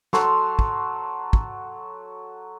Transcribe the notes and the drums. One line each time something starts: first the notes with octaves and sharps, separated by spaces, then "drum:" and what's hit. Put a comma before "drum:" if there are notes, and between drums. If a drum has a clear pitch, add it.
F#3 A4 C6, drum: snare
drum: kick
drum: kick